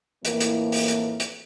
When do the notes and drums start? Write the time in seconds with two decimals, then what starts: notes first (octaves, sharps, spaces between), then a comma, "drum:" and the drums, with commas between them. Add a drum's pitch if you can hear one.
0.25 F2 A2 E3 A#3, drum: hi-hat
0.40 drum: hi-hat
0.72 drum: open hi-hat
0.88 drum: hi-hat
1.20 drum: hi-hat